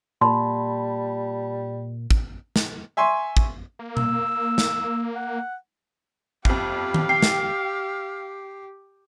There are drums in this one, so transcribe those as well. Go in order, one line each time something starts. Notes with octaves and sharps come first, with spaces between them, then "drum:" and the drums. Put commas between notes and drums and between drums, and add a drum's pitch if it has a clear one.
A#2 G3 A5 B5 C6
drum: kick
drum: snare
E5 G#5 C6 C#6
drum: kick
A#3
E6, drum: tom B2
drum: snare
F#5
G1 F2 G4 F5, drum: kick
drum: tom D#3
G5 C7
drum: snare